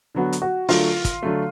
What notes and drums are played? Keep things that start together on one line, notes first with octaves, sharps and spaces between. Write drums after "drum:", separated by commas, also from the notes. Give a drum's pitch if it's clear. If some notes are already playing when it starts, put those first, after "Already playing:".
D3 F#3 B3 F#4
drum: hi-hat
F#4
D3 F#3 A3 F4, drum: open hi-hat
drum: kick, hi-hat
D3 F#3 A3